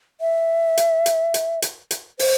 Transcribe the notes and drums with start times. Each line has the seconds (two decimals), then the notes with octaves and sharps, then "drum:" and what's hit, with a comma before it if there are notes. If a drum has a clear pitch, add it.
0.21 E5
0.77 drum: hi-hat
1.06 drum: hi-hat
1.34 drum: hi-hat
1.62 drum: hi-hat
1.91 drum: hi-hat
2.19 C5, drum: open hi-hat